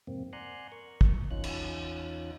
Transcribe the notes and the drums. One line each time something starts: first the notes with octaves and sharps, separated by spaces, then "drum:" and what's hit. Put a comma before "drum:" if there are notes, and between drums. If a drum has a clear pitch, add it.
F2 G#2 C3 A#3 C4
D5 F#5 G#5 A#5 C6 F#6
A#4 C#6
drum: kick
E2 C#4 D#4 F4 F#6
drum: cymbal